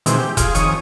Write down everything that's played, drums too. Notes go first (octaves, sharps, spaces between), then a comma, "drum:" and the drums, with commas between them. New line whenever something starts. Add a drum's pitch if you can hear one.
B2 D#3 E3 G#3 C4, drum: hi-hat
G4
F4 G#4, drum: kick F1, hi-hat
F2 D#3 C#5 C#6 D#6, drum: hi-hat